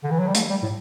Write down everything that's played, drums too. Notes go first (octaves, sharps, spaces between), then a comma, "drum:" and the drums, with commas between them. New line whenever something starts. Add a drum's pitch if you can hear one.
D3
E3
F#3
G3
A3, drum: hi-hat
G3
A2